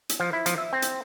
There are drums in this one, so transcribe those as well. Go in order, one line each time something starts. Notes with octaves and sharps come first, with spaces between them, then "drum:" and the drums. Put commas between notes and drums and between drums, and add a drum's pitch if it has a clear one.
drum: hi-hat
F3
E4
F3, drum: hi-hat
E5
C4
drum: hi-hat